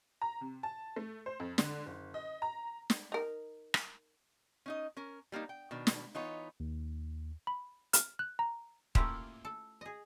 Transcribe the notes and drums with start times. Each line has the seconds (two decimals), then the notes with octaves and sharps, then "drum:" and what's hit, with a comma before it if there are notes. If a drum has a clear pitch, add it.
0.22 A#5
0.41 C3
0.63 A5
0.96 A3
1.26 C5
1.40 F2
1.58 D3, drum: snare
1.86 F#1
2.14 D#5
2.42 A#5
2.90 drum: snare
3.12 D#4 A#4
3.74 drum: rim click
4.66 C#4 D#4 D#5
4.97 C#4 A#4
5.32 G3 A#3 C4 D#4
5.49 G5
5.71 B2 D#3 D4
5.87 drum: snare
6.15 E3 B3 D#4 F4 C#5
6.60 D#2
7.47 B5
7.93 F6, drum: hi-hat
8.19 F#6
8.39 A#5
8.95 A3 A#3 C#4 E4 F4 G4, drum: kick
9.45 A4
9.81 G#4 D#5